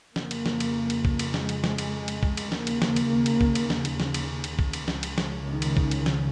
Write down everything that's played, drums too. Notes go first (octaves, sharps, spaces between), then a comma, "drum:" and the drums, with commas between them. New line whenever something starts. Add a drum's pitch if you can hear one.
F2 C#3 A#3, drum: snare
drum: cymbal
drum: snare
drum: cymbal
drum: cymbal
drum: kick B1
drum: cymbal
G#3, drum: snare
drum: cymbal
drum: snare
drum: cymbal
drum: cymbal
drum: kick B1
drum: cymbal
D#2 C#3 A#3, drum: snare
drum: cymbal
drum: snare
drum: cymbal
drum: cymbal
drum: kick B1
drum: cymbal
drum: snare
drum: cymbal
drum: snare
drum: cymbal
drum: cymbal
drum: kick B1
drum: cymbal
C#2 C#3, drum: snare
drum: cymbal
drum: snare
D#3
drum: cymbal
drum: kick B1
drum: cymbal
drum: snare